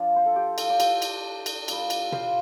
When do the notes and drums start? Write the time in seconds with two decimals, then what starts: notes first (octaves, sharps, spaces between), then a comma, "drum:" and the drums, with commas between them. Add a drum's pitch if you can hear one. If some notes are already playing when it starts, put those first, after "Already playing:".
Already playing: F3 D4 F4
0.16 C5
0.26 A4
0.36 G4
0.58 F4 A4, drum: cymbal
0.70 D5
0.80 G4 C5, drum: cymbal
1.02 drum: cymbal
1.46 drum: cymbal
1.68 G3 D4 F4, drum: cymbal
1.90 drum: cymbal
2.12 C5 F5, drum: tom